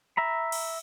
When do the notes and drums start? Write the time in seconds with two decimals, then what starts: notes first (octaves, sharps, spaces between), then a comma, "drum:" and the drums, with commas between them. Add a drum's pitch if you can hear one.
0.17 E5 A#5 B5
0.52 drum: cymbal